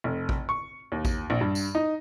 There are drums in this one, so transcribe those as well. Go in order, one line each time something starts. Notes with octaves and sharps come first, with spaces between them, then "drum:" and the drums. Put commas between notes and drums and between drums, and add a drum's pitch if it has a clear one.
F1
drum: kick A1
C#6
D#2
drum: kick A1, tambourine
A#1
G2
drum: tambourine
D#4